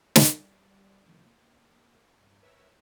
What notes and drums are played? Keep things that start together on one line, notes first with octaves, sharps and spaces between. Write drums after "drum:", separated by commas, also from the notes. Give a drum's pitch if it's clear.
drum: snare
G3 D5
A2 C3 D#3 F3
A#3
G2
A#4 B4 C#5 E5 E6